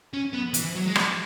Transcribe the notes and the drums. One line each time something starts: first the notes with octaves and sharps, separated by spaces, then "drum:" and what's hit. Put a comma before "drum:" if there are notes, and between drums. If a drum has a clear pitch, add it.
C#4
B3
E3, drum: hi-hat
F#3
G#3
drum: rim click